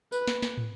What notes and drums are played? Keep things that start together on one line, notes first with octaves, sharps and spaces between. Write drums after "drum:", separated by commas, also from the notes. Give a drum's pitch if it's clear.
B4, drum: tambourine
drum: snare
drum: snare
drum: tom